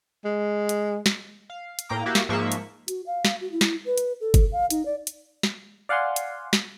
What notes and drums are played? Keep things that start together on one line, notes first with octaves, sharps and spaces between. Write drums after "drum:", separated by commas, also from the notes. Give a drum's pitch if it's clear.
G#3
drum: hi-hat
drum: snare
F5
drum: hi-hat
A2 A#3 G5 A#5 D6
A#3 E4 F#4 G4
drum: snare
G#2 F3 A#3 E5 C#6
drum: hi-hat
F#4, drum: hi-hat
F5
drum: snare
F#4
E4
drum: snare
B4
drum: hi-hat
A4
drum: kick F#1, hi-hat
F5
D#4, drum: hi-hat
D5
drum: hi-hat
drum: snare
D5 F5 F#5 G#5 C6
drum: hi-hat
drum: snare